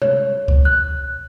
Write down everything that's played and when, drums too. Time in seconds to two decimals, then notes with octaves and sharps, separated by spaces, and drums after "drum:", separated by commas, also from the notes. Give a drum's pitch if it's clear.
0.02 C#5, drum: tom C3
0.48 drum: kick C#2
0.65 F#6